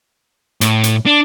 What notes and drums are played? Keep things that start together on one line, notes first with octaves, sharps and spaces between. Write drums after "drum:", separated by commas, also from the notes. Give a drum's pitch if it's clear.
A2, drum: hi-hat
drum: hi-hat
D4